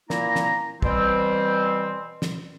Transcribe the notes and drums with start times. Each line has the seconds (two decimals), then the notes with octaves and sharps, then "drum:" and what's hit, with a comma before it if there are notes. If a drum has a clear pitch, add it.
0.10 A#2 A#3 E4 A#5, drum: snare
0.36 drum: snare
0.82 B2 E3 G3 C4, drum: kick
2.22 drum: snare